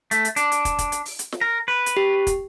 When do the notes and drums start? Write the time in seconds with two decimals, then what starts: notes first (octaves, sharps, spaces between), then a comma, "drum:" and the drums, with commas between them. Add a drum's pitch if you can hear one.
0.11 A3, drum: hi-hat
0.25 drum: hi-hat
0.36 D4, drum: hi-hat
0.52 drum: hi-hat
0.65 drum: kick, hi-hat
0.79 drum: kick, hi-hat
0.92 drum: hi-hat
1.05 drum: open hi-hat
1.19 drum: hi-hat
1.32 drum: snare
1.41 A#4
1.68 B4
1.86 drum: hi-hat
1.97 G4
2.27 drum: kick, hi-hat